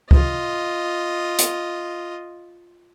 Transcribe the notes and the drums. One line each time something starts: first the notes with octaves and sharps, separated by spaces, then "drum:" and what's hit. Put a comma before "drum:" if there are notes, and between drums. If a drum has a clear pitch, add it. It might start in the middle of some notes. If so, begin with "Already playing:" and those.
F4 D#5, drum: kick C#2
drum: hi-hat